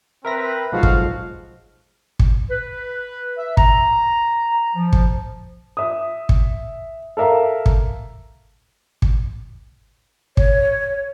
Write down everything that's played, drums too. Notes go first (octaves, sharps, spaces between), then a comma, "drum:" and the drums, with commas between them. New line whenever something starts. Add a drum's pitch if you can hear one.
C4 A#4 B4 E5 A#6
B1 F3 G#3 F#4 A4 F5
drum: kick
drum: kick
B4
E5
A#5, drum: kick
F3
drum: kick
E5 D#6
drum: kick
A4 A#4 E5 F5 A#5
drum: kick
drum: kick
C#5, drum: kick